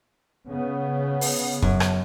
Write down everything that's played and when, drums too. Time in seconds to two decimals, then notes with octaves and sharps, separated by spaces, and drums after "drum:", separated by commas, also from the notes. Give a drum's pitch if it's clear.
0.50 C#3 B3
1.21 drum: open hi-hat
1.62 F#2, drum: kick
1.80 drum: rim click